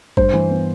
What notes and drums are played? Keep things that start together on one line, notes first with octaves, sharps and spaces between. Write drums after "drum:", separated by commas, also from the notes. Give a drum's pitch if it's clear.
G2 C5, drum: kick
E3
B3